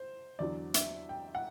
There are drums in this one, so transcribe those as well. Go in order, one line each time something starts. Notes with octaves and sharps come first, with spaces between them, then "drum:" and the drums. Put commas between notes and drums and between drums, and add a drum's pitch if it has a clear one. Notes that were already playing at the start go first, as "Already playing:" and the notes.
Already playing: C5
E2 D3 F#3 D5
E5, drum: hi-hat
G5
F#5